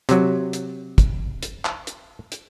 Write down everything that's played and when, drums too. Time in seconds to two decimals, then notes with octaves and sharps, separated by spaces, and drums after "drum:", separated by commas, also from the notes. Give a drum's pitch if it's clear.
0.09 C3 F#3, drum: hi-hat
0.53 drum: hi-hat
0.98 drum: kick, hi-hat
1.43 drum: hi-hat
1.65 drum: clap
1.87 drum: hi-hat
2.32 drum: hi-hat